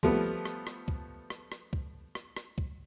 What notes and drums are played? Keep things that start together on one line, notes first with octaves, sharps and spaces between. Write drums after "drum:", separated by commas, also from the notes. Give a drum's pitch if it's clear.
F3 G3 A3 B3, drum: kick
drum: rim click
drum: rim click
drum: kick
drum: rim click
drum: rim click
drum: kick
drum: rim click
drum: rim click
drum: kick